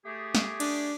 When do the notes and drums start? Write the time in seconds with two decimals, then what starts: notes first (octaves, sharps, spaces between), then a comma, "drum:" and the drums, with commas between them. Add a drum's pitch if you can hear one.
0.05 A3 G4 G#4
0.35 drum: snare
0.60 D4, drum: cymbal